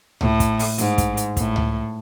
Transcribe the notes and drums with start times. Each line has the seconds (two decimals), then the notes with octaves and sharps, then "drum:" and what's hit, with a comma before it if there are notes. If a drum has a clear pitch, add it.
0.21 A2, drum: tom C#2
0.40 drum: kick, hi-hat
0.59 drum: open hi-hat
0.78 G#2, drum: hi-hat
0.98 drum: kick, hi-hat
1.17 drum: hi-hat
1.37 A2, drum: kick, hi-hat
1.56 drum: tom C#2